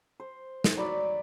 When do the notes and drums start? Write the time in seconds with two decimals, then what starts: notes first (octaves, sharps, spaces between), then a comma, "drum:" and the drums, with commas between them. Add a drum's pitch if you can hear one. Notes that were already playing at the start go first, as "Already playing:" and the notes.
0.20 C5
0.64 drum: snare
0.77 F#3 D5 B5